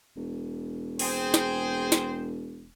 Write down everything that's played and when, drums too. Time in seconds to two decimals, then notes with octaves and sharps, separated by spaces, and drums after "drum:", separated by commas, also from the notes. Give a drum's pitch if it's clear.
0.17 E1
0.99 C4 G#4 C5, drum: open hi-hat
1.34 drum: snare
1.92 drum: snare